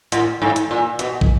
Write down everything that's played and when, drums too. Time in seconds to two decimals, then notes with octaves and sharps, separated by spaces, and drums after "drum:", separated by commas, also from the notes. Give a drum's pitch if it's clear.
0.12 A2, drum: hi-hat
0.42 G#2
0.56 drum: hi-hat
0.71 A#2
0.99 B2, drum: hi-hat
1.21 drum: kick